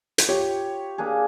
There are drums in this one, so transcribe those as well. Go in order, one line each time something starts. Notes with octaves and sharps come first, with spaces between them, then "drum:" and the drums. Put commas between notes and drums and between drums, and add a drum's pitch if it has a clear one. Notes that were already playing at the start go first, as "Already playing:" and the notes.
drum: hi-hat
F4 G4 C#5
A#3 D4 G#4